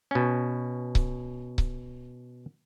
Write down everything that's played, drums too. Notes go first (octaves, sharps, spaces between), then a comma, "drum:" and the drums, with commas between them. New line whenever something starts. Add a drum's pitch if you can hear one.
B2 C#4
drum: kick C#1
drum: kick C#1